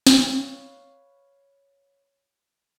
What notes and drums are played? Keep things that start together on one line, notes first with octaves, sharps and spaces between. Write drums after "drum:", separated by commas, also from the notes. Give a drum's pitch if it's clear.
B4 C#5 F5, drum: snare